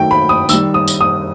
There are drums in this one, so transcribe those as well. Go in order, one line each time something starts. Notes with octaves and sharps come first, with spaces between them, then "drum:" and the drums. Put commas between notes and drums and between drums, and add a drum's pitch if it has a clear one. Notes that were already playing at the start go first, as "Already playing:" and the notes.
Already playing: D#3 F#3 A3 G5
B5
D#6
D#3 G3 E6, drum: tambourine
D#6
drum: tambourine
D#6